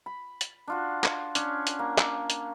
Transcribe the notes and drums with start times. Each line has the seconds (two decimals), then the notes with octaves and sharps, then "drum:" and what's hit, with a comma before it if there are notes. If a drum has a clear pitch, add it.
0.06 B5
0.41 drum: hi-hat
0.67 D4 F4 F#4
1.04 drum: clap
1.35 C#4 D4 C#5, drum: hi-hat
1.67 drum: hi-hat
1.79 A#3
1.98 drum: clap
2.30 drum: hi-hat